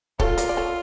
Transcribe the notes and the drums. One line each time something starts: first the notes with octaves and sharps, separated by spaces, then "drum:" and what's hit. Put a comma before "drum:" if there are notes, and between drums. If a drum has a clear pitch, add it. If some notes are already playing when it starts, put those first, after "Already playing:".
F4 A4 C#5, drum: kick
A#4 D5, drum: hi-hat
D5
A4 C#5